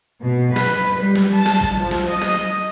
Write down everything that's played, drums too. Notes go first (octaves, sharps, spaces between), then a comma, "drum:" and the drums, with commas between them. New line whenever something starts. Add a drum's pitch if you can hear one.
B2
B4, drum: snare
G3
drum: snare
A5
drum: snare
drum: kick G#1
F3
drum: snare
D#5
drum: snare